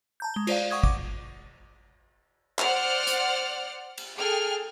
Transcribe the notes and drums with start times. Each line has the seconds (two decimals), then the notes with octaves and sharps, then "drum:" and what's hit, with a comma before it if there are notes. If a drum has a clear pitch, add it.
0.20 A5 A#5 G6
0.34 G#3 G7
0.47 F4 C5 D5 F5, drum: cymbal
0.71 F#5 C#6 D#6 G#6
0.83 D6, drum: kick
2.59 C5 D5 F#5 F6, drum: clap
3.07 drum: hi-hat
3.98 drum: cymbal
4.16 G#4 A4 G5 F6